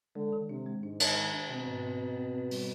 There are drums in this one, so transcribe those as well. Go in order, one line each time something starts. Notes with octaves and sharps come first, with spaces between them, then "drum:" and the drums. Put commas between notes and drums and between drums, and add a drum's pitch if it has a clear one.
D3 G#3
D#3
C3 D4
G#3
G#2 D4
D#3, drum: cymbal
D#3
D4
B2 C4
G#2
C4
C4
C4
C4
G3, drum: open hi-hat